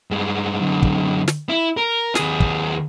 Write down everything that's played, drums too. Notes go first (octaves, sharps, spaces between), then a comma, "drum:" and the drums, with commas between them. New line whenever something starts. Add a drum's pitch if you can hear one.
G2 G#3
F#2 D3
drum: kick
drum: snare
E4
A#4
D#2 G#4, drum: snare
drum: kick